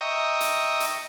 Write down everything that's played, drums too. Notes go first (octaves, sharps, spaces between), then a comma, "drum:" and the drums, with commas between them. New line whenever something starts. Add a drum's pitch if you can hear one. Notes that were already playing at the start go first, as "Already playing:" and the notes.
D#5 E5 G5 A#5 C#6 D#6
drum: hi-hat
drum: hi-hat